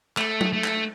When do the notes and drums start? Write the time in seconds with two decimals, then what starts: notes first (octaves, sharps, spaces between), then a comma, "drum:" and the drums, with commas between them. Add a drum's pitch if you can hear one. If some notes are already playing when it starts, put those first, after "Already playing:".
0.17 A3, drum: clap
0.41 drum: tom F#3
0.53 A3
0.64 drum: clap